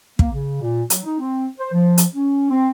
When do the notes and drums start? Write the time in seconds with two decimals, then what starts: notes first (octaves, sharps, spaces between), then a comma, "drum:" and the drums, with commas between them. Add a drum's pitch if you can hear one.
0.19 A#3, drum: kick
0.32 C#3
0.61 A#2
0.90 F#3, drum: hi-hat
1.04 D#4
1.19 C4
1.58 C5
1.72 F3
1.98 drum: hi-hat
2.14 C#4
2.50 C4